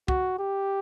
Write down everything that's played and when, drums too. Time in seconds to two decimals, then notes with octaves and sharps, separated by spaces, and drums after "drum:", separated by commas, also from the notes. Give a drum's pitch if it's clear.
0.08 F#4, drum: kick
0.39 G4